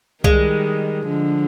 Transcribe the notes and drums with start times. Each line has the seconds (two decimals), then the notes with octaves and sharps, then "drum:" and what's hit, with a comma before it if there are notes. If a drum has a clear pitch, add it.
0.24 D#3 G3 G#3, drum: kick C2
1.07 D3 F3